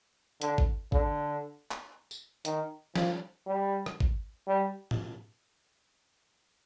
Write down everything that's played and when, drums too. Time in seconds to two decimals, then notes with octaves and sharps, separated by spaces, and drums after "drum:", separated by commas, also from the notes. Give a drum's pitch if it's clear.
0.42 D3, drum: hi-hat
0.58 drum: kick G#1
0.92 D3, drum: kick G#1
1.71 drum: clap
2.11 drum: tambourine
2.45 D#3, drum: hi-hat
2.95 F3, drum: snare
3.47 G3
3.86 drum: rim click
4.00 drum: kick G#1
4.47 G3
4.91 drum: tom A2